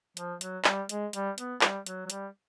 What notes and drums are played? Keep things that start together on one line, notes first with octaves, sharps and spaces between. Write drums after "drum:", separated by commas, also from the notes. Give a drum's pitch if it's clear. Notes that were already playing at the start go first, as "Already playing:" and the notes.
F3, drum: hi-hat
F#3, drum: hi-hat
G3, drum: clap
G#3, drum: hi-hat
G3, drum: hi-hat
B3, drum: hi-hat
G3, drum: clap
F#3, drum: hi-hat
F#3
G3, drum: hi-hat